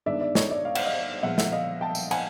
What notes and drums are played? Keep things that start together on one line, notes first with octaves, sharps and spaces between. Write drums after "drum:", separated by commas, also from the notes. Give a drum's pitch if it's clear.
G2 D#3 G#3 B3 D4 D5 E5
D5 E5
C#5 D#5, drum: snare
D5 E5
F5
F#5, drum: cymbal
D#5 F5
A#2 F3 G#3 B3 E5 F#5
E5 F#5, drum: snare
D#5 F5
G5 A5
drum: tambourine
F#5 G#5, drum: cymbal